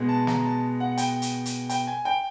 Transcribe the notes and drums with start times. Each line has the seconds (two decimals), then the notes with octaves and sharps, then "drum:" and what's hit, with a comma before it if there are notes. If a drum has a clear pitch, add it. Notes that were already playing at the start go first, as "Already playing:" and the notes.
Already playing: B2 G#3 B3
0.09 A5
0.27 A#5, drum: snare
0.45 A5
0.80 F#5
0.97 G5, drum: hi-hat
1.22 drum: hi-hat
1.46 drum: hi-hat
1.69 G5, drum: hi-hat
1.87 G#5
2.05 G5